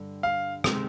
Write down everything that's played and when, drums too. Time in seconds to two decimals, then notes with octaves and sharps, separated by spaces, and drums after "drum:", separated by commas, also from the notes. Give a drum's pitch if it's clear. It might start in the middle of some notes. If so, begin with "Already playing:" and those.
Already playing: G2 D3 G3
0.23 F5
0.64 C3 D#3 G#3 C4, drum: rim click